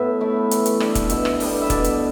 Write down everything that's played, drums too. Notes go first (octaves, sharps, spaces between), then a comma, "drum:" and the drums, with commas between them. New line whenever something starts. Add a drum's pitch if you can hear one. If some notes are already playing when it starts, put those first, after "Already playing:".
Already playing: A2 B3 E5
A3 E4
E3, drum: hi-hat
drum: hi-hat
G3 D4 E5, drum: rim click
drum: kick F1, hi-hat
B2 E5, drum: hi-hat
drum: rim click
G3 B3 D4, drum: open hi-hat
E5
B2 D5, drum: kick F1, hi-hat
drum: hi-hat